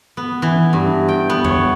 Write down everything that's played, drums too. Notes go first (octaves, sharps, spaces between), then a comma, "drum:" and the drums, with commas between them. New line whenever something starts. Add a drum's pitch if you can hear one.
B3
E3
G2
G5
B3
C#5, drum: tom F2